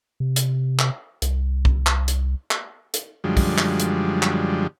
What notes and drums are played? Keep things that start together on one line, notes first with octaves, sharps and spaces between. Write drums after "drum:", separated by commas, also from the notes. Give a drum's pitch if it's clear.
C3
drum: hi-hat
drum: clap
C2, drum: hi-hat
drum: kick
drum: clap
drum: hi-hat
drum: clap
drum: hi-hat
F#2 D3 F3 G3 G#3
drum: kick, open hi-hat
drum: clap
drum: hi-hat
drum: clap